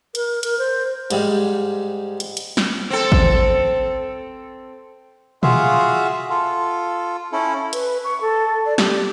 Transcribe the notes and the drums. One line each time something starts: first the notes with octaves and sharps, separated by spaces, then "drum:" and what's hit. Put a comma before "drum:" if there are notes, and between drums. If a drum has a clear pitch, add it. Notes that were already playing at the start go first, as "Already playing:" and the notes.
A#4, drum: hi-hat
A#4, drum: hi-hat
C5
G#2 G3 G#3 F5, drum: hi-hat
drum: hi-hat
drum: hi-hat
drum: snare
C4 A4
drum: kick
F4 F#4 G#4 E5 F5, drum: tom A#2
F4 A4
C#4 E4 A4
B4, drum: hi-hat
C#6
A4
D5
G4, drum: snare